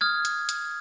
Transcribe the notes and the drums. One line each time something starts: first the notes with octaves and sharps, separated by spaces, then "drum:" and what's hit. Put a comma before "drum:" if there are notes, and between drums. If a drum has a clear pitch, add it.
D#6 F6 G#6
drum: hi-hat
drum: hi-hat